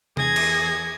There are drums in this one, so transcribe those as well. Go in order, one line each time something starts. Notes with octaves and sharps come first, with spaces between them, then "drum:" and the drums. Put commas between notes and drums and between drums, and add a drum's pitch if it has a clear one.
E2 G#4 G#6 A#6, drum: tom C3
drum: cymbal